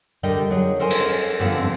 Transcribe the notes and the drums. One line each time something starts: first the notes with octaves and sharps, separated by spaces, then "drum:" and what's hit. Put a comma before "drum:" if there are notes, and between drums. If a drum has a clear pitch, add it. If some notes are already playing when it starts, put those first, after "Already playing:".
D3 G3 A#4 D#5 G5
F#3 G#4
A4 A#4 C5 D#5 F#5 G#5
drum: cymbal
G2 D3 F3 B3 A4 F#5
C4